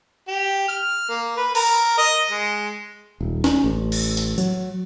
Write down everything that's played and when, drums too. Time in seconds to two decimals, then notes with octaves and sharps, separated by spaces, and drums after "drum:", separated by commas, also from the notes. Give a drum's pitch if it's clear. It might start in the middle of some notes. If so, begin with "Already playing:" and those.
0.28 G4
0.68 F6
1.09 A#3
1.37 B4
1.55 A#4, drum: cymbal
1.98 D#5
2.30 G#3
3.21 D#1
3.44 C#4, drum: snare
3.64 A1
3.92 drum: cymbal
4.17 drum: hi-hat
4.38 F#3, drum: tambourine